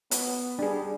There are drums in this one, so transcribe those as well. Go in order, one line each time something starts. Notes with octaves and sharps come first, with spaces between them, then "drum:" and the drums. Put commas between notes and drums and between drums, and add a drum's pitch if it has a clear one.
B3 C#5, drum: hi-hat
G3 D4 G#4